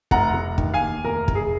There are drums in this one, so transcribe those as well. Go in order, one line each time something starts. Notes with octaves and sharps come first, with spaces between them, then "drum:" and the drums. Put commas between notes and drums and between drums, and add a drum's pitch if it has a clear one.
F1 F#5 A#5, drum: kick
F1
D#3, drum: kick
F5 G#5
D#2
F1 A#4
F1, drum: kick
G#4